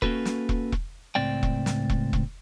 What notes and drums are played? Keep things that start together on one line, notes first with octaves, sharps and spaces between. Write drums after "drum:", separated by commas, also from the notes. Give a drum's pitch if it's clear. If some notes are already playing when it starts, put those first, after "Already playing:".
A#3 C#4 F#4 A4 B4, drum: kick E1
drum: snare
drum: kick E1
drum: kick E1
C#2 A2 C4 D5 G5
drum: kick E1
drum: snare
drum: kick E1
drum: kick E1